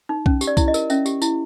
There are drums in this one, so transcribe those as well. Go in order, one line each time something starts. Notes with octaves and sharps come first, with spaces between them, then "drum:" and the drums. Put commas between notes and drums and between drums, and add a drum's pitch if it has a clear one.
D#4
C#4, drum: kick B1
G4, drum: tambourine
D5
E4, drum: kick B1, tambourine
D#5
A#4, drum: tambourine
C#4 E5, drum: tambourine
G4, drum: tambourine
E4, drum: tambourine